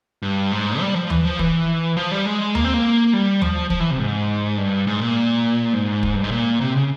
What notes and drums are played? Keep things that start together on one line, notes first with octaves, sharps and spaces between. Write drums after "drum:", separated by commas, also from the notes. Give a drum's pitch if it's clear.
G2
G#2
G3
F3
E3, drum: tom D#2
F3
E3, drum: kick
F3
G3
G#3
A#3, drum: tom D#2
C4
A#3
G3
F3, drum: tom D#2
F3, drum: kick
E3
C3
G#2
G2
G#2
A#2
G#2
drum: kick
G2
G#2
A#2
C3
C#3